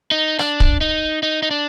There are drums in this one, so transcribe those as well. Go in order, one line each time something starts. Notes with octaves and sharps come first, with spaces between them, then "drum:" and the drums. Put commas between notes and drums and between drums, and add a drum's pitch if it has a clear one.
D#4
D4, drum: rim click
drum: kick
D#4
D#4
D#4
D4